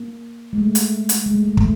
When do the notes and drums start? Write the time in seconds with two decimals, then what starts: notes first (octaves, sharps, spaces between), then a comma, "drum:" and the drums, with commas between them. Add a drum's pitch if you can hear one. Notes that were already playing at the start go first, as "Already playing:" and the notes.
Already playing: A#3
0.53 G#3
0.58 A3
0.75 drum: hi-hat
1.09 drum: hi-hat
1.26 G#3
1.36 A3
1.48 G#3
1.57 A3, drum: kick